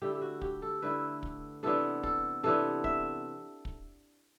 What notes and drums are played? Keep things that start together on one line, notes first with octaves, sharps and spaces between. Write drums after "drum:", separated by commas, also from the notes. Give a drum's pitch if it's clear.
D3 A3 E4 G4
G4
F#4
G4, drum: kick
A4
D3 A3 E4 B4
drum: kick
C3 E3 B3 D4 A4
A4, drum: kick
C3 E3 B3 D4 A4
E5, drum: kick
drum: kick